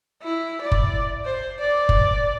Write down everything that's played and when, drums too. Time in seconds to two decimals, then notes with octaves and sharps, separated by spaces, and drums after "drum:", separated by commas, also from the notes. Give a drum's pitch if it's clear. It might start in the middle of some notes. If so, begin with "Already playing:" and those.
0.23 E4
0.62 D5
0.72 drum: kick F#1
1.25 C5
1.60 D5
1.89 drum: kick F#1